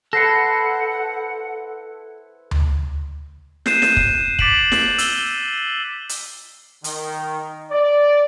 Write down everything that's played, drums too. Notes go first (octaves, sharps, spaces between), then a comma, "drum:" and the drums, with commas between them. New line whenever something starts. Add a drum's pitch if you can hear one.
E4 A4 B4 C5 F#5 A#6 C7 C#7
drum: tom D2
F#6 G6 C7 D#7 E7, drum: snare
drum: snare
drum: kick
D6 A6 B6 D7 E7 F#7, drum: kick
drum: snare
E6 G7, drum: hi-hat
drum: hi-hat
D#3, drum: hi-hat
D5